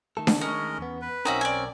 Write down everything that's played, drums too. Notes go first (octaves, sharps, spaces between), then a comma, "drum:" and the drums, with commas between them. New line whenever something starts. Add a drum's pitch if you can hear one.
D#3 A3 A4
drum: snare D4
G#3 C#4 A#4 D#5
E2 B3
B4
B1 C4 C#4 D#4 F#4 A#4 E5
D5 G#5